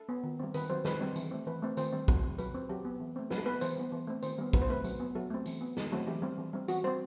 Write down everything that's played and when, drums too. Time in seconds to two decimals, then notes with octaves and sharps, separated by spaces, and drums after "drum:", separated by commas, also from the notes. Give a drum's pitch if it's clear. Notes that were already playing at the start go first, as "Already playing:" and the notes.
Already playing: A4
0.09 B3
0.24 D#3
0.39 G3 C4
0.54 D#3 B4, drum: tambourine
0.70 F#3 C4 C5
0.85 D#3 B4, drum: snare
1.01 G3 C4
1.16 E3, drum: tambourine
1.31 A3 C4
1.46 E3 B4
1.62 A3 C4
1.77 D#3 C5, drum: tambourine
1.92 G3 C4
2.08 F#3, drum: kick
2.23 C4
2.38 F#3 B4, drum: tambourine
2.54 C4
2.70 F#3 G4
2.85 B3
3.00 E3
3.16 A3 C4
3.30 F#3 B4, drum: snare
3.38 A4
3.46 B3 B4
3.61 E3 C5, drum: tambourine
3.77 G3 B3
3.92 E3
4.07 A3 C4
4.23 D#3 C5, drum: tambourine
4.38 G3 B3
4.53 F#3 B4, drum: kick
4.62 C5
4.69 A3 C4 B4
4.84 F#3, drum: tambourine
5.00 B3
5.15 F#3 A4
5.30 A3 C4
5.46 E3, drum: tambourine
5.61 B3
5.77 D#3, drum: snare
5.92 F#3 A3 C4
6.07 E3 G4
6.22 G3 C4
6.38 E3
6.53 G3 C4
6.68 E3 F#4, drum: tambourine
6.84 G3 C4 C5